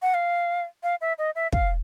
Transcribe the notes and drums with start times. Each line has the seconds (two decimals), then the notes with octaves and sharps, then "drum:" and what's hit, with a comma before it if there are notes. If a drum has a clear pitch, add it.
0.02 F#5
0.14 F5
0.83 F5
1.01 E5
1.18 D#5
1.35 E5
1.52 F5, drum: kick